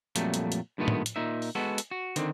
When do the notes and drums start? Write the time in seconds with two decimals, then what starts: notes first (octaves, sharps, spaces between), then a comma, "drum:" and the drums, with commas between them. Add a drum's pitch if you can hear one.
0.16 F2 A#2 F#3 G3 A3, drum: hi-hat
0.34 drum: hi-hat
0.52 drum: hi-hat
0.78 G2 A#2 D#3 A3 B3
0.88 drum: tom
1.06 drum: hi-hat
1.16 A#2 D#4 E5
1.42 drum: open hi-hat
1.55 G#3 B3 F#4 A4
1.78 drum: hi-hat
1.91 F#4
2.16 D3 D#3 C4, drum: hi-hat